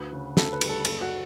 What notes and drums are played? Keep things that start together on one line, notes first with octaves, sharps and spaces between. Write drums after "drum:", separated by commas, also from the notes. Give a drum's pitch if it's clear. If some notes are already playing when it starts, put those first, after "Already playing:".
Already playing: D2 B4
C#3
D2 A4, drum: snare
B4
G3, drum: cymbal
A4
F#1 A4, drum: cymbal
F#4